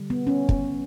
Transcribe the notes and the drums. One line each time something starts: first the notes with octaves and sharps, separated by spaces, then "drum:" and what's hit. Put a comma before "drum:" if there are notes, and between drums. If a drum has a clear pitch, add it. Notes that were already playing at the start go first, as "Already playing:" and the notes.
Already playing: D3 G3
B3
C#4
drum: kick